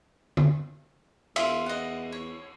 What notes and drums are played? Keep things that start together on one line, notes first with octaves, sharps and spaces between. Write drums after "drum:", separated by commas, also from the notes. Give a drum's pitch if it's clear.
drum: tom D3
E2 F4 E5, drum: cymbal
D#5 F#5
C#5